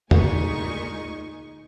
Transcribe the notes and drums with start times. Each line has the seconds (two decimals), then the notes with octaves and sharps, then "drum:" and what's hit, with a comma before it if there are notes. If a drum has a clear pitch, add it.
0.11 D2 A#2 G#3 D#4 G#5 C#6, drum: tom